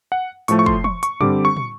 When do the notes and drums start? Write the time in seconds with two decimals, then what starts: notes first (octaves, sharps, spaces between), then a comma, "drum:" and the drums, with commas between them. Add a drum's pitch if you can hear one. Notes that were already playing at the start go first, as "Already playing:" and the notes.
0.12 F#5
0.48 A2 F3 A3 C#6, drum: hi-hat
0.59 C#6
0.66 C6, drum: kick
0.84 C#6, drum: tom
1.03 C#6, drum: hi-hat
1.21 D3 G3 C4 D6, drum: tom
1.45 C#6
1.57 drum: tom